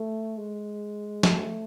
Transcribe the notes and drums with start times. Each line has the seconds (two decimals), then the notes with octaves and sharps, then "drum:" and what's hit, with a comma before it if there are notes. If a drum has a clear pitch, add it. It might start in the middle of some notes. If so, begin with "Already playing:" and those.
Already playing: A3
0.38 G#3
1.23 A3, drum: snare